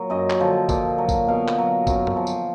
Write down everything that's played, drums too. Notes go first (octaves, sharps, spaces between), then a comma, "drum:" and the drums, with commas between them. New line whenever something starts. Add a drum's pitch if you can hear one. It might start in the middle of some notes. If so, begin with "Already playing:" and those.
Already playing: A#2 F#3
F#2 D#5
drum: clap
D3 F3
A#2, drum: kick A#1, tambourine
F#3
drum: kick A#1, tambourine
B2 F5
drum: clap
F#3
F#2, drum: kick A#1, tambourine
drum: tom
F3
drum: tambourine